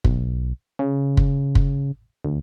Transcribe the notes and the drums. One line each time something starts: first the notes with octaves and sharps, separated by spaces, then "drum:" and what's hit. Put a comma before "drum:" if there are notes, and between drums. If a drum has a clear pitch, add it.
B1, drum: kick
C#3
drum: kick
drum: kick
D2